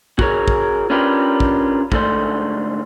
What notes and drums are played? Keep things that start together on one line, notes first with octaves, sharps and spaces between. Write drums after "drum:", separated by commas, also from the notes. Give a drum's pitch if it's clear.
F#4 G#4 A#4 C#5, drum: kick
drum: kick
C#4 D4 F4 G4 A#4 B4
drum: kick
G#2 D3 A3 D4 C5, drum: kick